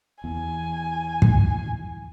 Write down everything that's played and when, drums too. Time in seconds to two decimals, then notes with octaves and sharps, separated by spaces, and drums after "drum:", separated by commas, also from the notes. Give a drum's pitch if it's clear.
0.24 E2 G#5
1.22 drum: kick